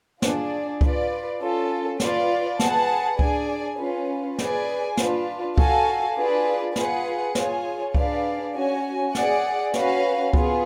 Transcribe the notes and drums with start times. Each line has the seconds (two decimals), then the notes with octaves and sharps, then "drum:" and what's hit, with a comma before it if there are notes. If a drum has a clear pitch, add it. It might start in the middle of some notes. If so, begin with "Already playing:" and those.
0.22 D4 F4 G#4 D5, drum: snare
0.81 F4 B4 D5, drum: kick C#2
1.40 C#4 F4 A4
2.00 F4 B4 D5 F5, drum: snare
2.59 G#4 B4 F#5 A5, drum: snare
3.19 D4 G#4 D5 G#5, drum: kick C#2
3.79 C#4 F4 B4
4.38 G#4 B4 D5 G#5, drum: snare
4.97 D4 F4 B4, drum: snare
5.58 F#4 A4 F5 G#5, drum: kick C#2
6.16 D4 F4 G#4 B4 D5
6.76 F4 G#4 B4 F#5, drum: snare
7.35 F4 G#4 C#5 G#5, drum: snare
7.95 D4 G#4 B4 D5 F5, drum: kick C#2
8.55 C#4 F#4 C#5 G#5
9.15 G#4 D5 F#5, drum: snare
9.74 C#4 F#4 B4 F5, drum: snare
10.33 B3 F4 G#4, drum: kick C#2